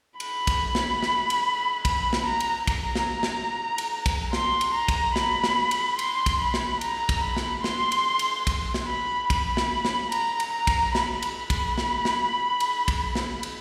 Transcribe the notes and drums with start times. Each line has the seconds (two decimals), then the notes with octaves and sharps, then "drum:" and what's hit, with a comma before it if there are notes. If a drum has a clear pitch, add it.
0.20 B5, drum: cymbal
0.47 drum: kick, cymbal
0.75 drum: snare
1.02 drum: snare
1.30 drum: cymbal
1.85 B5, drum: kick, cymbal
2.13 drum: snare
2.26 A#5
2.40 drum: cymbal
2.67 A#5, drum: kick, cymbal
2.95 drum: snare
3.23 drum: snare
3.78 drum: cymbal
4.06 drum: kick, cymbal
4.33 C6, drum: snare
4.61 drum: cymbal
4.75 A#5
4.88 drum: kick, cymbal
5.16 B5, drum: snare
5.44 drum: snare
5.71 drum: cymbal
5.99 C6, drum: cymbal
6.26 drum: kick, cymbal
6.40 B5
6.54 drum: snare
6.81 A#5, drum: cymbal
7.09 drum: kick, cymbal
7.23 B5
7.37 drum: snare
7.64 C6, drum: snare
7.92 drum: cymbal
8.19 drum: cymbal
8.47 drum: kick, cymbal
8.74 drum: snare
8.88 B5
9.30 B5, drum: kick, cymbal
9.57 drum: snare
9.85 drum: snare
10.12 A#5, drum: cymbal
10.40 drum: cymbal
10.53 A#5
10.67 drum: kick, cymbal
10.95 B5, drum: snare
11.22 drum: cymbal
11.36 B5
11.50 drum: kick, cymbal
11.78 drum: snare
12.05 drum: snare
12.60 drum: cymbal
12.88 drum: kick, cymbal
13.15 drum: snare
13.43 drum: cymbal